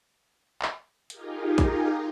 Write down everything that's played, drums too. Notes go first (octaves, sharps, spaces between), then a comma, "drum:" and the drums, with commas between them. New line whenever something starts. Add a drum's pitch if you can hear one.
drum: clap
D#4 F4 G4 G#4 A#4, drum: hi-hat
drum: kick, hi-hat